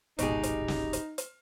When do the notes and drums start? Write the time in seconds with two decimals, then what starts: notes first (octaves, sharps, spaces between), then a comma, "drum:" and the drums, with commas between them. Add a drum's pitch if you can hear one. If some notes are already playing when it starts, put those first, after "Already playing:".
0.19 D1 G#1 G#2 B2 D#4 G4 G#4, drum: hi-hat
0.43 drum: hi-hat
0.68 drum: snare
0.93 drum: hi-hat
1.18 drum: hi-hat